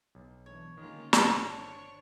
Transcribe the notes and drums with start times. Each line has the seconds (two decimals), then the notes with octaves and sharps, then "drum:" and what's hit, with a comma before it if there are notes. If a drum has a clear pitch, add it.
0.15 B1
0.46 E3 B3 D4 C#5
0.77 D3 D#3 G#3 A#3 C#4 F4 G4
1.13 G1 A#2 D4 C5 C#5 A5 E6, drum: snare
1.57 C#6